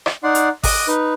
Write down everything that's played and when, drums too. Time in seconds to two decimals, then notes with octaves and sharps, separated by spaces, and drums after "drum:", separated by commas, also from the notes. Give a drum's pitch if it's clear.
0.06 drum: rim click
0.23 D#4 D5 F#5 C6
0.35 drum: hi-hat
0.63 D#5 D6 D#6 F#6, drum: kick G#1, open hi-hat
0.88 D#4 B4